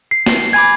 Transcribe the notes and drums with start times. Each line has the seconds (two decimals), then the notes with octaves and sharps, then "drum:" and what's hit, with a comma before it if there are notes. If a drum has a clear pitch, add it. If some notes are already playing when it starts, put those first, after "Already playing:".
0.11 C7
0.26 drum: snare
0.53 G#5 B5 D6 G#6